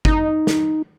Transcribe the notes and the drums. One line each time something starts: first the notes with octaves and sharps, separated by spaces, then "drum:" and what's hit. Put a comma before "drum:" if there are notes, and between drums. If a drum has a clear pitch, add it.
D#4, drum: kick
drum: snare